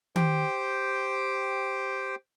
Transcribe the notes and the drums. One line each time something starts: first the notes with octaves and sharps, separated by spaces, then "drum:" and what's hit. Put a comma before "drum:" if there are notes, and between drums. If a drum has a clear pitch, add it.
G4 C5 G5, drum: tom D#3